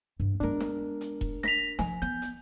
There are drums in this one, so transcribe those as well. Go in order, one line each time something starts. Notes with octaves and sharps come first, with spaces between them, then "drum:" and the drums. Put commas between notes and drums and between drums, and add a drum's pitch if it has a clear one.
G2
G#3 B3 D4 A#4
drum: snare
drum: hi-hat
drum: kick E1
A#6 B6 F7, drum: snare
F3 G#5, drum: snare
B3 G6
drum: hi-hat